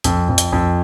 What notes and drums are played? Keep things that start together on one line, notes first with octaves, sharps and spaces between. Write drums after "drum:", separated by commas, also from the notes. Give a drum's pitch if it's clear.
F2, drum: hi-hat
F2
drum: hi-hat
F2